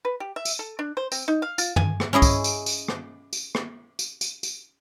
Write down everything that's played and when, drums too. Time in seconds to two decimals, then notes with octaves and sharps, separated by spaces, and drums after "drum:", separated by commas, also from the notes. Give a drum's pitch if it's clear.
0.05 B4
0.20 G4
0.36 E5
0.45 drum: tambourine
0.59 A4
0.79 D4
0.97 C5
1.12 C4, drum: tambourine
1.28 D#4
1.42 F5
1.58 F4, drum: tambourine
1.76 G#5, drum: tom
2.00 drum: rim click
2.13 C#4 E4 G#4 D#5
2.22 drum: kick, tambourine
2.44 drum: tambourine
2.66 drum: tambourine
2.88 drum: rim click
3.33 drum: tambourine
3.55 drum: rim click
3.99 drum: tambourine
4.21 drum: tambourine
4.43 drum: tambourine